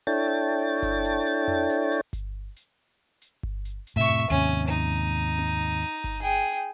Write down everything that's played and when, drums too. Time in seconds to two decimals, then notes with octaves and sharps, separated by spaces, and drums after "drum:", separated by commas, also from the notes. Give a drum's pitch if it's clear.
0.07 D4 E4 A4 C#5 G5 A6
0.83 drum: kick G1, hi-hat
1.04 drum: hi-hat
1.26 drum: hi-hat
1.48 drum: tom F2
1.69 drum: hi-hat
1.91 drum: hi-hat
2.13 drum: kick G1, hi-hat
2.56 drum: hi-hat
3.22 drum: hi-hat
3.43 drum: kick G1
3.65 drum: hi-hat
3.87 drum: hi-hat
3.96 A2 C3 E5 C#6
4.09 drum: tom F2
4.30 D#2 G#2 C3 C#4, drum: hi-hat
4.52 drum: hi-hat
4.68 D#4
4.95 drum: hi-hat
5.17 drum: hi-hat
5.39 drum: tom C4
5.61 drum: hi-hat
5.82 drum: hi-hat
6.04 drum: kick G1, hi-hat
6.22 G#4 G5
6.48 drum: hi-hat